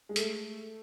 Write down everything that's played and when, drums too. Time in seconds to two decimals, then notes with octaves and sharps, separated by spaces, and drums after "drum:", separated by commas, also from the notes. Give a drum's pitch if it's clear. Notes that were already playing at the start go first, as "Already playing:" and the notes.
0.09 G#3
0.16 A3, drum: hi-hat